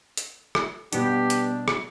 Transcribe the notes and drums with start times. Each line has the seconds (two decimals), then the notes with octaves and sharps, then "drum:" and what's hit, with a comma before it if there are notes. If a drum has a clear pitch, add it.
0.17 drum: hi-hat
0.55 drum: rim click
0.93 B2 G3 B3 D4 G4, drum: hi-hat
1.30 drum: hi-hat
1.68 drum: rim click